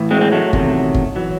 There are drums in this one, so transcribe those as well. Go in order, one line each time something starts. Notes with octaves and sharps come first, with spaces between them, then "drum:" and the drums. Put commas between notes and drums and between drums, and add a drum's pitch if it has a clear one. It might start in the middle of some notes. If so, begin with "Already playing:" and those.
Already playing: A2 E3
G#3 C4
C4
F#3 A3
E2 C3 D#3 F#3, drum: kick G1
drum: kick G1
E3 F#3